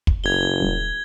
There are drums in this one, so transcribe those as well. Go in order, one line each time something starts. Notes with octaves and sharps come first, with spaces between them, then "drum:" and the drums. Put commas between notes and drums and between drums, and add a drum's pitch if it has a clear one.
drum: kick
F#1 G#6 G7
D#1